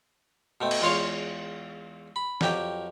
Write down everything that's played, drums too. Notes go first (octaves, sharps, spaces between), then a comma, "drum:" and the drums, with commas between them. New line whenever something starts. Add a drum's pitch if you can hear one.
B2 A3 C4
drum: cymbal
E2 G#3 F4 C#5 F5 C6
B5
F2 F#3 G4 G5, drum: snare